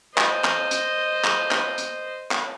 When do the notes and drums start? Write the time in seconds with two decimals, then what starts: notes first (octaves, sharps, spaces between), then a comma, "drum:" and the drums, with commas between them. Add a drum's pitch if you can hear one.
0.18 C5 D#5, drum: clap
0.44 drum: clap
0.71 drum: hi-hat
1.24 drum: clap
1.51 drum: clap
1.78 drum: hi-hat
2.31 drum: clap